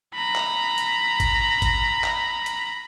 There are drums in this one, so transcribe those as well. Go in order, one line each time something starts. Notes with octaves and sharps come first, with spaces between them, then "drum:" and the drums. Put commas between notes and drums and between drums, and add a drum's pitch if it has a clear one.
A#5 B5
drum: clap
drum: hi-hat
drum: kick G#1, hi-hat
drum: kick G#1, hi-hat
drum: clap
drum: hi-hat